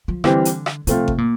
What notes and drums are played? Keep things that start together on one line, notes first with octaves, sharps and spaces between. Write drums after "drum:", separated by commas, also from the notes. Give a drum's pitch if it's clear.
F3
D3 E3 G3 C4, drum: rim click
drum: hi-hat
drum: rim click
C3 F3 A3 C4 F4, drum: hi-hat
drum: kick G#1
A#2